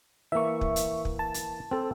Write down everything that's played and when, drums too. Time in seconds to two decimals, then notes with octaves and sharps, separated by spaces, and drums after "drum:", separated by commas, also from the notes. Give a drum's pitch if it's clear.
0.32 E3 A#3 E5 C#6
0.61 drum: kick
0.76 drum: hi-hat
1.05 drum: kick
1.19 A5
1.34 drum: hi-hat
1.71 C4 A4